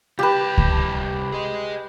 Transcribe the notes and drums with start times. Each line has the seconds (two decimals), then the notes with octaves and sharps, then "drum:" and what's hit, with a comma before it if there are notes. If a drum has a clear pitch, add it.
0.19 C2 G4 B4 A5
0.58 drum: kick C#2
1.32 G#4 D#5